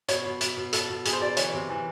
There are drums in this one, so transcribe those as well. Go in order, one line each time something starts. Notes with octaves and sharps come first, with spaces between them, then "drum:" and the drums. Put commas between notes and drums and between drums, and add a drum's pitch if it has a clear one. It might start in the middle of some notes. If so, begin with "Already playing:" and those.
B2 C#5, drum: hi-hat
B2
B2, drum: hi-hat
B2
B2 A4, drum: hi-hat
B2
B2 G#4, drum: hi-hat
C5
B2 D5
E3 C#5, drum: hi-hat
C3
E3